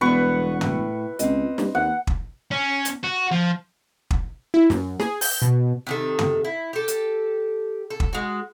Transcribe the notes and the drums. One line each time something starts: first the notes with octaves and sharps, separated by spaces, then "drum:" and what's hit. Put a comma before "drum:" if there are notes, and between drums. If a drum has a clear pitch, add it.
E1 G2 B3 B4 C#6
A2, drum: tom
C#2 C4 D#5, drum: hi-hat
G2, drum: snare
D#2 F#5
drum: kick
C#4
drum: hi-hat
F#4
F3
drum: kick
E4
F#2, drum: snare
G#4, drum: snare
G6, drum: open hi-hat
B2
C3 D#3 A4
drum: tom
E4
G4 A4
drum: hi-hat
A4
drum: kick
G#3 F#4